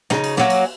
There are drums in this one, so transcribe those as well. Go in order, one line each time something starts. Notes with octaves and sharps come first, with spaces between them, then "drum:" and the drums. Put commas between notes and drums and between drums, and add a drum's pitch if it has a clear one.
C#3 D#4, drum: snare
drum: cymbal
F#3 A#3 C#4, drum: snare
drum: cymbal